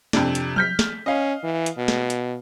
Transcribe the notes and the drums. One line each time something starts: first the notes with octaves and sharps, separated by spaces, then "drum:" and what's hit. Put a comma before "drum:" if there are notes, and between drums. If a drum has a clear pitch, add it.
F2 C3 D4, drum: snare
drum: hi-hat
F6 G6 B6, drum: tom F3
drum: snare
C#4 D#5 F5
E3
drum: hi-hat
B2
drum: snare
drum: hi-hat